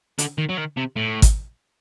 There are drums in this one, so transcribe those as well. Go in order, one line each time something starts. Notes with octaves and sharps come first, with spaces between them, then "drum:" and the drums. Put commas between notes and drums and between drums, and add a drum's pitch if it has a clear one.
D3, drum: hi-hat
D#3
F#3
D#3
C3
A2
drum: kick, hi-hat